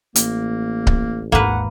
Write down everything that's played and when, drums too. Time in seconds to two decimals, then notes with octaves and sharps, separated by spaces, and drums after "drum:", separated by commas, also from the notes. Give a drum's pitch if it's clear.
0.15 A1 A#3, drum: hi-hat
0.87 drum: kick C#1
1.32 G#1 D#2 A#3 B4 F#5